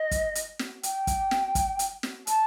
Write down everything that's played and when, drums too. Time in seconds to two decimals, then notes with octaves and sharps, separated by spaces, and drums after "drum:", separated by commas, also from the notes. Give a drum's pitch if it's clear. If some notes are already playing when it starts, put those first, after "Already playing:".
Already playing: D#5
0.11 drum: kick, hi-hat
0.35 drum: hi-hat
0.59 drum: snare
0.83 G5, drum: hi-hat
1.07 drum: kick, hi-hat
1.31 drum: snare
1.55 drum: kick, hi-hat
1.79 drum: hi-hat
2.03 drum: snare
2.27 A5, drum: hi-hat